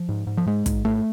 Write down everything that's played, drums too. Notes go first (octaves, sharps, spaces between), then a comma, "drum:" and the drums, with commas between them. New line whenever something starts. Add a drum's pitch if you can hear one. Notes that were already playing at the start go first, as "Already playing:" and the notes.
Already playing: F3
G#2
G#2
F3
G#2 G#3
G#2, drum: kick, hi-hat
G#2 A3